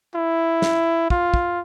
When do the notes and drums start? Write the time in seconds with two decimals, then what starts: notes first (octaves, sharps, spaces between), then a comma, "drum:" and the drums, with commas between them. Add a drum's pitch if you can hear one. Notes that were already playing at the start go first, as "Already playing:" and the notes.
0.15 E4
0.62 drum: snare
1.10 F4, drum: kick
1.34 drum: kick